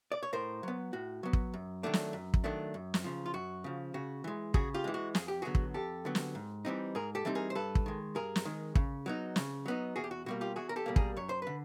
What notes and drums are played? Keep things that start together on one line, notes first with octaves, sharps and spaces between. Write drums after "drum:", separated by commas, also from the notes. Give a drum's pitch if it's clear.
D5
C#5
A2 A#4 C5
F#3 B3
A2 F#4
F#3 B3
drum: kick
F#2
D#3 F#3 A3 D4
drum: snare
F#2
drum: kick
D#3 F#3 A3 D4
F#2
drum: snare
C#3 F3
F4
F#2 F#4
C#3 F3
C#3 F#4
E3 G#3
C#3 F#4 G#4, drum: kick
F4 G4
E3 G#3
F#4
F2 G#4, drum: snare
G4
D3 F#3 B3 F#4 G#4
drum: kick
F2 G4 A4
D3 F#3 B3
drum: snare
G#2
E3 G3 C4 D#4
G#2 G#4 A#4
G4 A4
E3 G3 C4 D#4
G#4 A#4
C5
G2 A4 B4
drum: kick
D#3 G#3
G2 G#4 A#4
drum: snare
D#3 G#3
C#3, drum: kick
F#3 B3 D#4
C#3, drum: snare
F#3 B3 D#4
E2 F#4 G#4
G4
F#4
B2 G3 A#3 F#4
F4 G4
E2 F#4 G#4
A#4
G4 A4
B2 G3 A#3
G#4 A#4, drum: kick
F#2 C#5
C5
D3 B4